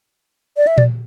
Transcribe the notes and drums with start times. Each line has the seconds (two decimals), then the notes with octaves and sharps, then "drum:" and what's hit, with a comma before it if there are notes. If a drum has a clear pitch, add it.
0.57 D5
0.67 E5
0.78 D5, drum: tom A#2